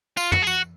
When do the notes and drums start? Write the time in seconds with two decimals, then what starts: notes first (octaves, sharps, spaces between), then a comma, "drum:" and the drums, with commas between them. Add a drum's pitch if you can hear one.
0.17 F4, drum: tambourine
0.32 F#4, drum: tom
0.42 G#4
0.47 F#4, drum: tambourine